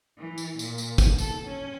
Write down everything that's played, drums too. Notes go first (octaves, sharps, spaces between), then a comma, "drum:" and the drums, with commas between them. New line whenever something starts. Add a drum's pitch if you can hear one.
E3
drum: tambourine
A#2, drum: tambourine
drum: tambourine
drum: kick, tambourine
A4, drum: tambourine
C#4